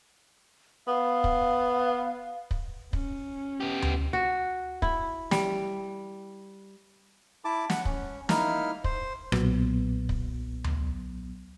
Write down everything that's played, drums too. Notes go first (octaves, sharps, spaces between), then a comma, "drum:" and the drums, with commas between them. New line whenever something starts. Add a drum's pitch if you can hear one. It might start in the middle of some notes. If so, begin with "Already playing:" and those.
B3 F5
drum: kick
drum: kick
C#4, drum: kick
B3 G4
drum: tom D2
F#4
E4, drum: kick
G3, drum: snare
E4 A5 D6
F#5, drum: snare
C#4, drum: kick
A#3 D#4 E4 F6, drum: snare
C5, drum: kick
B1 A#2 F#3 B3, drum: rim click
drum: kick
drum: tom D2